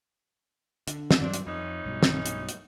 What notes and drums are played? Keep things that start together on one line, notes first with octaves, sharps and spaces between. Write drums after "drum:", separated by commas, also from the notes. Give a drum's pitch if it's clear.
D3, drum: hi-hat
drum: snare
G2 F#3 C4 D4
drum: hi-hat
F2 E3 C#4 D#4
B1 G2 B2
drum: snare
drum: hi-hat
drum: hi-hat